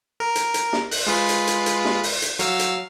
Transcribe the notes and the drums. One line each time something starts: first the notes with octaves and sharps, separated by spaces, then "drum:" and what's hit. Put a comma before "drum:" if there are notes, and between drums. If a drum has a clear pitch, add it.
A#4
drum: hi-hat
drum: hi-hat
drum: snare
F#6, drum: open hi-hat
G#3 F4 B4
drum: hi-hat
drum: hi-hat
drum: hi-hat
drum: snare
drum: open hi-hat
drum: hi-hat
F#3 F5 E6, drum: hi-hat
drum: hi-hat